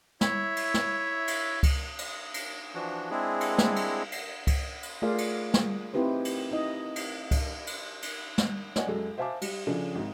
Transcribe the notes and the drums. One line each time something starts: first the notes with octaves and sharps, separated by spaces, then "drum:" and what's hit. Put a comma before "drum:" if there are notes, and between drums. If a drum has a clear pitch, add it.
E4 C#5 E5, drum: snare
drum: cymbal
drum: snare
drum: cymbal
drum: kick C#2, cymbal
drum: cymbal
drum: cymbal
E3 F3 D4 F#4
G#3 C4 D4 E4 G#4
drum: cymbal
drum: snare
drum: cymbal
drum: cymbal
drum: kick C#2, cymbal
drum: cymbal
A3 F4 G#4 A#4 D5 F5
drum: cymbal
drum: snare
C4 D#4 E4 G4 B4 C5
drum: cymbal
D#4 E4 D#5
drum: cymbal
drum: kick C#2, cymbal
drum: cymbal
drum: cymbal
drum: snare
C#5 D5 F#5 G#5, drum: snare
F#2 G#3 G#4 A4
C5 E5 F5 G#5 A5 D6
G3, drum: cymbal
C#3 F3 D4 G#4 A4
G#1 G#2